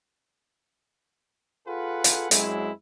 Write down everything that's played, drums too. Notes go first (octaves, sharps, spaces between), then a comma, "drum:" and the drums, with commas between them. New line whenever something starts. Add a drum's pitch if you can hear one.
F4 G#4 A4 B4 F#5
drum: hi-hat
F#2 F#3 G#3 C4 E4, drum: hi-hat